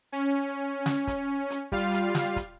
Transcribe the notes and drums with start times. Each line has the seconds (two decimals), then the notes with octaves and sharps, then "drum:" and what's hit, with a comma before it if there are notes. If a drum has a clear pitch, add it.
0.12 C#4
0.86 drum: snare
1.07 drum: kick, hi-hat
1.50 drum: hi-hat
1.72 G3 F4 F5, drum: kick
1.93 drum: hi-hat
2.15 drum: snare
2.36 drum: kick, hi-hat